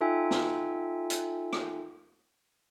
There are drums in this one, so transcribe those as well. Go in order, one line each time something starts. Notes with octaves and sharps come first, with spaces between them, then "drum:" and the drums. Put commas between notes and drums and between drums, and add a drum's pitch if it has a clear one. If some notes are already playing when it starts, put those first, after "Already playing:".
D#4 F4 A4 E5 G5 G#5
drum: snare
drum: hi-hat
drum: rim click